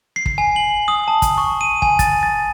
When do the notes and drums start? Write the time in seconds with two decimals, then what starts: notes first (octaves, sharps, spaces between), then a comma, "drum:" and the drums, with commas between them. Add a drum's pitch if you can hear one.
0.16 C7
0.26 drum: kick
0.38 G#5
0.56 F#7
0.88 D#6
1.08 A5
1.22 drum: kick, hi-hat
1.38 C#6
1.61 D#7
1.82 G#5, drum: kick
1.99 A6, drum: kick, hi-hat
2.23 A6